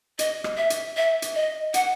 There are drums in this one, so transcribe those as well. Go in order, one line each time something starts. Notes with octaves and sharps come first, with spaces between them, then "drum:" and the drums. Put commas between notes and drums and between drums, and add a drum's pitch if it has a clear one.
D#5, drum: hi-hat
drum: rim click
E5
drum: hi-hat
E5
drum: hi-hat
D#5
F#5, drum: hi-hat